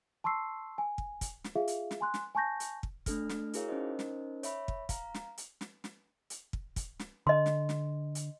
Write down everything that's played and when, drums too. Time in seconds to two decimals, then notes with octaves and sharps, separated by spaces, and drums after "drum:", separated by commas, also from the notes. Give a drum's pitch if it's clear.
0.24 A5 C6 C#6 E6 C7
0.78 G#5
0.98 drum: kick
1.21 drum: kick, hi-hat
1.44 drum: snare
1.55 F4 G#4 E5 F5
1.67 drum: hi-hat
1.91 drum: snare
2.01 G#5 C6 F#6
2.14 drum: snare
2.35 G#5 A5 C#6 G6 A#6
2.60 drum: hi-hat
2.83 drum: kick
3.06 A3 D4 A4 F6, drum: kick, hi-hat
3.29 drum: snare
3.53 E4 F#4 G#4 A#4 C#5 F5, drum: hi-hat
3.68 C#4 D#4 A#4 C5 D#5
3.99 drum: snare
4.43 C#5 E5 B5, drum: hi-hat
4.68 drum: kick
4.89 F5 A#5, drum: kick, hi-hat
5.14 drum: snare
5.38 drum: hi-hat
5.61 drum: snare
5.84 drum: snare
6.30 drum: hi-hat
6.53 drum: kick
6.76 drum: kick, hi-hat
6.99 drum: snare
7.27 D3 D#5 C6
7.46 drum: snare
7.69 drum: snare
8.15 drum: hi-hat